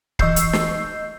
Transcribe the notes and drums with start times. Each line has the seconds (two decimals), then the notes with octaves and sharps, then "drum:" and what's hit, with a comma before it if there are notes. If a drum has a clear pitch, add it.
0.19 E3 D#5 C#6 E6 G6 C7, drum: kick C#1
0.36 drum: hi-hat
0.53 drum: snare